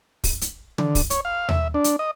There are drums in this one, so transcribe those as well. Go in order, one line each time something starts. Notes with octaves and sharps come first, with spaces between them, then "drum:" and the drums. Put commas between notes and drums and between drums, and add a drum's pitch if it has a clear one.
drum: kick, open hi-hat
drum: hi-hat
D3, drum: tom
drum: kick, open hi-hat
C#5, drum: hi-hat
F5
E5, drum: tom D#2
D4
drum: hi-hat
D#5